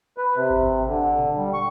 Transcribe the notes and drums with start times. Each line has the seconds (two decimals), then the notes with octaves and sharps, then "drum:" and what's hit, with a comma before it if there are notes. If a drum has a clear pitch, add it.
0.18 B4
0.36 C3
0.50 drum: kick G#1
0.88 D3
1.19 drum: tom A#2
1.37 G3
1.54 C#6